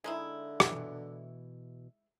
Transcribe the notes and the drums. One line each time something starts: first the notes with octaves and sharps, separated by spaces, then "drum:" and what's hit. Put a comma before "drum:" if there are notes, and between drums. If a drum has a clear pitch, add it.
D3 G#3 D#4 E4
B2 E3, drum: rim click